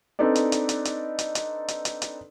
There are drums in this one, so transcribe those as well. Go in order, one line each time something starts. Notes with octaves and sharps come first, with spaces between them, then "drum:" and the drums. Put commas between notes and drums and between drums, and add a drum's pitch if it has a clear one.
C4 D4 D#4 A4 B4 D5
drum: hi-hat
drum: hi-hat
drum: hi-hat
drum: hi-hat
drum: hi-hat
drum: hi-hat
drum: hi-hat
drum: hi-hat
drum: hi-hat